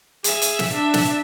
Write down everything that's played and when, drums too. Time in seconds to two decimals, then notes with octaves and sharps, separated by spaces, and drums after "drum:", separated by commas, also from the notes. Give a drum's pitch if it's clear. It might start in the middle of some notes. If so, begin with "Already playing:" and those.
0.24 G#4 E5, drum: hi-hat
0.42 drum: hi-hat
0.59 drum: snare
0.73 D4 E5
0.94 drum: snare